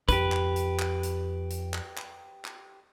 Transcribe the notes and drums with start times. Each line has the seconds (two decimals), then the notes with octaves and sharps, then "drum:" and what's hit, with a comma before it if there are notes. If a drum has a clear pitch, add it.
0.09 F2 G4 B4, drum: kick, hi-hat
0.32 drum: clap
0.56 drum: hi-hat
0.79 drum: clap
1.03 drum: hi-hat
1.50 drum: hi-hat
1.74 drum: clap
1.98 drum: clap
2.45 drum: clap